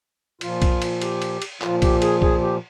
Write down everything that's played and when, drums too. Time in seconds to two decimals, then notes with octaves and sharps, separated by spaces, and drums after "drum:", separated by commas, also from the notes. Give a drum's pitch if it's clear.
0.41 A#2 F3 F4, drum: cymbal
0.62 drum: kick B1, cymbal
0.82 drum: cymbal
1.02 G4, drum: cymbal
1.22 drum: cymbal
1.42 drum: cymbal
1.62 A#2 F3 F4, drum: clap
1.82 G4, drum: kick B1, cymbal
2.02 G#4, drum: cymbal
2.22 G#4, drum: kick B1
2.42 G4